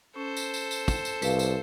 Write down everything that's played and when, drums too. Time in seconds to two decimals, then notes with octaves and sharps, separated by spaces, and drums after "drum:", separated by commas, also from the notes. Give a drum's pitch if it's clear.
0.16 C#4 A4 C5
0.37 drum: tambourine
0.54 drum: tambourine
0.71 drum: tambourine
0.88 drum: kick, tambourine
1.05 drum: tambourine
1.22 C2 B4 F5, drum: tambourine
1.39 drum: tambourine